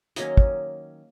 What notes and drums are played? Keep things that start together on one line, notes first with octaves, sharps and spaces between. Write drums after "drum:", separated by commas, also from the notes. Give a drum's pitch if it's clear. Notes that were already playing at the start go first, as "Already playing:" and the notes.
D#3 F#3 A#3 C#4 D#5, drum: hi-hat
drum: kick